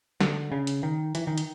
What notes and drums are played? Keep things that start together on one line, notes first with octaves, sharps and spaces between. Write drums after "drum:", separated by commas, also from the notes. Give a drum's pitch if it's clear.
D3, drum: snare
C#3
drum: hi-hat
D#3
E3, drum: hi-hat
D#3
drum: hi-hat